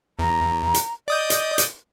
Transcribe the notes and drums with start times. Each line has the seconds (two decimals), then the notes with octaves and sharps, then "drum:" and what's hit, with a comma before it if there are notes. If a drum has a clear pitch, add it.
0.19 E2 A#5
0.74 drum: hi-hat
1.08 D5 D#5 D#6 G6
1.30 drum: hi-hat
1.58 drum: hi-hat